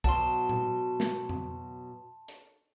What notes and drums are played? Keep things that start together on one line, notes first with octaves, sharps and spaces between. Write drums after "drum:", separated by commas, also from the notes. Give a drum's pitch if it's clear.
B2 F#3 A5 C6, drum: kick
drum: tom A#2
drum: snare
drum: tom F2
drum: hi-hat